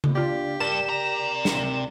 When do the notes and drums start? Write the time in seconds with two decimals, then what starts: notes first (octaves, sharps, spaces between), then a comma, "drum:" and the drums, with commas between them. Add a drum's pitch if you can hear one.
0.04 drum: tom C#3
0.15 D4 F4 G4 D5
0.60 G2 A#4 D5 E7
0.88 C3 A#5
1.45 drum: snare